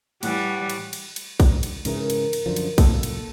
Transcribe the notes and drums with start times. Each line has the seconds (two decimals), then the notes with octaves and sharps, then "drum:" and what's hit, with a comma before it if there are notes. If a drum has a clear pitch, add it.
0.23 A2 E3 G3 F#5 F#6, drum: cymbal
0.70 drum: cymbal
0.93 drum: cymbal
1.16 drum: cymbal
1.40 drum: kick, cymbal
1.63 drum: cymbal
1.85 G#2 C#3 E3 A#4, drum: cymbal
2.10 drum: cymbal
2.33 drum: cymbal
2.46 F#2 D3 F3
2.56 drum: cymbal
2.78 F#1 A#2 A#3 A4, drum: kick, cymbal
3.03 drum: cymbal